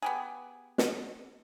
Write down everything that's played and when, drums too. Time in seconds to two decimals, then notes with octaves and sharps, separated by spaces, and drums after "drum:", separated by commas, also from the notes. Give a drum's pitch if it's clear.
0.02 B3 G4 G#4
0.78 drum: snare